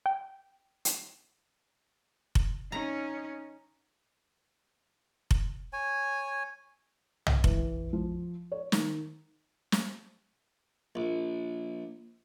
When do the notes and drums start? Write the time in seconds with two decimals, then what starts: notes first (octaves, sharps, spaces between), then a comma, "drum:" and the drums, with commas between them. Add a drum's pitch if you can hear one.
0.06 G5
0.85 drum: hi-hat
2.35 drum: kick F1
2.72 C#4 D#4 A#5
5.31 drum: kick F1
5.73 C#5 G#5
7.27 drum: tom
7.44 E3, drum: kick F1
7.93 F3
8.52 C#5
8.72 D#3, drum: snare
9.72 drum: snare
10.95 A#1